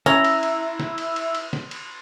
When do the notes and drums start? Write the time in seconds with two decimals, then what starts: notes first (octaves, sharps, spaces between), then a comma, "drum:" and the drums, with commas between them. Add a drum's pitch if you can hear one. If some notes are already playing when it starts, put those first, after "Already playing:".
0.06 C#4 E4 A#5, drum: snare
0.24 drum: cymbal
0.43 drum: cymbal
0.80 drum: snare
0.98 drum: cymbal
1.16 drum: cymbal
1.35 drum: cymbal
1.53 drum: snare
1.71 drum: cymbal